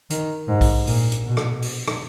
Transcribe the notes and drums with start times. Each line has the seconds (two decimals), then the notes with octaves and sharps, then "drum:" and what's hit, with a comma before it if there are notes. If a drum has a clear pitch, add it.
0.10 D#3, drum: hi-hat
0.48 G#2
0.61 drum: kick, open hi-hat
0.87 A#2, drum: open hi-hat
1.12 drum: hi-hat
1.25 B2
1.37 drum: rim click
1.62 drum: open hi-hat
1.88 drum: rim click